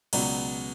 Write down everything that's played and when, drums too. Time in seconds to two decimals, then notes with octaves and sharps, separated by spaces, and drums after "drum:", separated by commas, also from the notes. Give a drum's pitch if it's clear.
0.13 C#2 B2 F#3 B3 D5, drum: cymbal